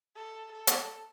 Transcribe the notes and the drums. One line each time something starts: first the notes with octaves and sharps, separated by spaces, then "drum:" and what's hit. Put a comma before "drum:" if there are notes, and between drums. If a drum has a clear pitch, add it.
A4
A4
drum: hi-hat